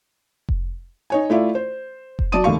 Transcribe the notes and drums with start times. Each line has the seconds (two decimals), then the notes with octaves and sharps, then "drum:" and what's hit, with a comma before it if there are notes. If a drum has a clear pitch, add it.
0.49 drum: kick F1
1.10 D#4 C#5 G#5
1.30 A3 E4 F4 D5
1.55 C5
2.19 drum: kick F1
2.32 F#3 D5 A5 D#6 D#7
2.44 F1 D#2 A3 F5 C#6